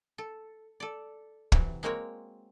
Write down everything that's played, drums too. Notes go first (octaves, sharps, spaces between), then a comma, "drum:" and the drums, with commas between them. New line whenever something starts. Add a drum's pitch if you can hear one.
A4
A4 D5
C3 E3 F#3, drum: kick
G#3 A#3 C4 F#4 A#4 C#5